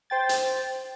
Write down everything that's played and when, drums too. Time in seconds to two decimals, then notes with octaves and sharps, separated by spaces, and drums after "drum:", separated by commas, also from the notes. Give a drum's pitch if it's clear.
0.10 C5 G5 A6
0.29 drum: hi-hat